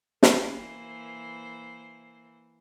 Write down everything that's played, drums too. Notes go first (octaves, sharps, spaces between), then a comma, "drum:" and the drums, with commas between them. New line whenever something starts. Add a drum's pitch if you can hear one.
E3 A#3 C5, drum: snare